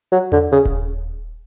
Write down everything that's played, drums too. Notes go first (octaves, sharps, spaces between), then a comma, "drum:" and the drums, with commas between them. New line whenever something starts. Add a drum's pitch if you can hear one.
F#3
D3, drum: tom E2
C#3
drum: kick D#1